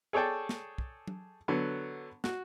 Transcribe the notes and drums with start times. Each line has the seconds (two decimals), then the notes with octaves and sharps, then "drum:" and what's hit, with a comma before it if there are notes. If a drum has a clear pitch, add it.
0.13 G#4 A4 C#5 D5 G5 A5
0.49 drum: snare
0.78 drum: kick
1.07 drum: tom F#3
1.48 D3 F#3 B3
2.24 F#4, drum: snare